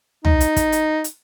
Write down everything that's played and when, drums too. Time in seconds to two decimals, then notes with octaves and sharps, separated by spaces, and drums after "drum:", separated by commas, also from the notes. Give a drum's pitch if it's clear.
0.25 D#4, drum: tom
0.41 drum: hi-hat
0.56 drum: kick, hi-hat
0.72 drum: hi-hat
1.04 drum: hi-hat